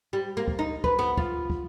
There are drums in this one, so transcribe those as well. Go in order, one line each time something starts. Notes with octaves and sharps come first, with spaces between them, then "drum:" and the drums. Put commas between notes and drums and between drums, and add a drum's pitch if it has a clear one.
G3
A#3
drum: kick
D#4
B4, drum: kick
B3
F4, drum: kick
drum: kick